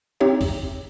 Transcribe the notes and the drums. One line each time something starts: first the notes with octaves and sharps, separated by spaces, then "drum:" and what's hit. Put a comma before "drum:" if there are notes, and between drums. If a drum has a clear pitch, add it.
C4 D#4 G4 C#5 E5
drum: kick, open hi-hat